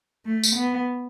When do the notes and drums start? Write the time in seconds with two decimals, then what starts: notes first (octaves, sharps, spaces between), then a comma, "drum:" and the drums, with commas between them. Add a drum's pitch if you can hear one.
0.25 A3
0.44 drum: tambourine
0.56 B3